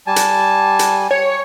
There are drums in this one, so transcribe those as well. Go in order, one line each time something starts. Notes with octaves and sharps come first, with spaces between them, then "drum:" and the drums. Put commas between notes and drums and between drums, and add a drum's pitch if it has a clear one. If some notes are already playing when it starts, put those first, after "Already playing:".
G3 G#5 A5
drum: hi-hat
drum: hi-hat
C#5